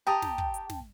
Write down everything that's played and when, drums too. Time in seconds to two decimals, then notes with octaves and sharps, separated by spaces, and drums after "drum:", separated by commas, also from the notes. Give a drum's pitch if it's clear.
0.07 G4 G5 A5 A#5 D#6
0.22 drum: snare
0.38 drum: kick
0.54 drum: hi-hat
0.70 drum: snare